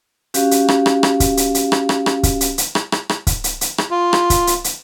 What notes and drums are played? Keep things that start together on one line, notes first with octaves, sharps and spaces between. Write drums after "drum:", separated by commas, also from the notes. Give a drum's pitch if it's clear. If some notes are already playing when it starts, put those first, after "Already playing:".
C#4 F#4 G4 F5, drum: hi-hat
drum: hi-hat
drum: rim click
drum: rim click
drum: rim click
drum: kick, hi-hat
drum: hi-hat
drum: hi-hat
drum: rim click
drum: rim click
drum: rim click
drum: kick, hi-hat
drum: hi-hat
drum: hi-hat
drum: rim click
drum: rim click
drum: rim click
drum: kick, hi-hat
drum: hi-hat
drum: hi-hat
drum: rim click
F4
drum: rim click
drum: kick, hi-hat
drum: hi-hat
drum: hi-hat